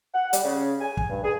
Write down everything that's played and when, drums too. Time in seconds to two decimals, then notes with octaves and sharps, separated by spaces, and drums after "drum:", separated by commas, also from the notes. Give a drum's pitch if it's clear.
0.14 F#5
0.33 G3, drum: hi-hat
0.44 C#3
0.81 G#5
0.97 drum: kick
1.10 G2
1.24 G#4